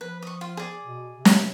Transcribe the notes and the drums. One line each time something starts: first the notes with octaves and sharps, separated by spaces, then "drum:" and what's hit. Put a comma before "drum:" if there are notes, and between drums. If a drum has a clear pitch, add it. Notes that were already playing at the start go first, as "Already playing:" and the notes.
F3 B4
C#6 D#6
F4
G#4 D5
B2
C3
drum: snare